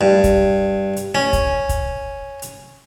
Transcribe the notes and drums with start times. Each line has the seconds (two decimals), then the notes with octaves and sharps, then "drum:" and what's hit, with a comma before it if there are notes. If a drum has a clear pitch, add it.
0.01 G2
0.24 drum: kick, hi-hat
0.96 drum: hi-hat
1.15 C#4
1.33 drum: kick, hi-hat
1.69 drum: kick, hi-hat
2.42 drum: hi-hat